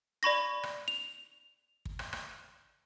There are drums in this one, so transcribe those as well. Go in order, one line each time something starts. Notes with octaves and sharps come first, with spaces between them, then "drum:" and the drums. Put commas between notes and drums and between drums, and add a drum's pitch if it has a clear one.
D5 B5 C#6 A#6
drum: rim click
F7
drum: kick
drum: rim click
drum: rim click